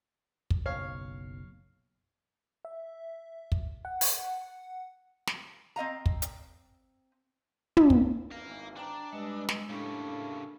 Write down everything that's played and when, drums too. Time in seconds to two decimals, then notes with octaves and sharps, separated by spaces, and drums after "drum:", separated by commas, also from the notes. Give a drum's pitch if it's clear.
0.50 drum: kick
0.66 F#1 B1 C#5 F5
2.65 E5
3.52 drum: kick
3.85 F#5
4.01 drum: open hi-hat
5.27 drum: snare
5.76 C4 D#5 F5 A#5
6.06 drum: kick
6.22 drum: hi-hat
7.77 drum: tom
7.90 drum: kick
8.31 G#1 G#2 E3 F5 A#5
8.76 D4 G5 A#5
9.13 G2 G#3 B4 D#5 E6
9.49 drum: snare
9.69 A2 C#3 G3 A#3 D4 A4 C#6